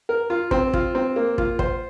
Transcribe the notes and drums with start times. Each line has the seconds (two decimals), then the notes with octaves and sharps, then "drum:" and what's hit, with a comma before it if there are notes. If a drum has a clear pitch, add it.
0.09 A#4
0.30 F4
0.51 C4, drum: kick
0.73 F4, drum: kick
0.95 C4
1.16 A#3
1.38 F4, drum: kick
1.59 C5, drum: kick